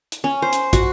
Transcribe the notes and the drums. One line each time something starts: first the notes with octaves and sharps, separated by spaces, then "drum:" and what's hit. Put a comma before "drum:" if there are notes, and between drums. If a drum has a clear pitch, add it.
drum: hi-hat
C#4
C5
drum: hi-hat
F#4, drum: kick, hi-hat